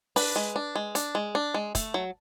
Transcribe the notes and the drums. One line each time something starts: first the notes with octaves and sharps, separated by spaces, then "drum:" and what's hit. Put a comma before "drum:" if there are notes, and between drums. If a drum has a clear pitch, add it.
D4 B4, drum: open hi-hat
G#3
D4
G#3
D4, drum: hi-hat
G#3
D4
G#3
A3, drum: kick, hi-hat
F#3